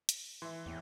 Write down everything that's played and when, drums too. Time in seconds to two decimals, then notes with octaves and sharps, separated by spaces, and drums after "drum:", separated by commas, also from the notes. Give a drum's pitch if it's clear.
0.09 drum: hi-hat
0.42 E3 E5 C6
0.66 E2 A2